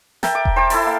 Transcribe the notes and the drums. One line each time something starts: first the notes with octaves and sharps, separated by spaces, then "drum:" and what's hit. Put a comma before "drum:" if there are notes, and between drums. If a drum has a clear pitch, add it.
A#4 E5 G5 A5, drum: snare
D6
drum: kick E1
C5 G5 A5 D6
E4 A4 A5 B5, drum: open hi-hat
A#3 F5